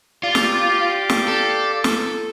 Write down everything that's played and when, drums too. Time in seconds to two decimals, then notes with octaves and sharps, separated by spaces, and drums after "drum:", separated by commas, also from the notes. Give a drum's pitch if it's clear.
0.23 F4 G4 D5 F5 D6
0.35 drum: snare
1.09 drum: snare
1.28 A4
1.84 drum: snare